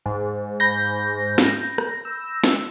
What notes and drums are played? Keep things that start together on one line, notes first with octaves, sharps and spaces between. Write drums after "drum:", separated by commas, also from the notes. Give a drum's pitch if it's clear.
G#2
B5 G6 A#6
drum: snare
drum: rim click
E6
drum: snare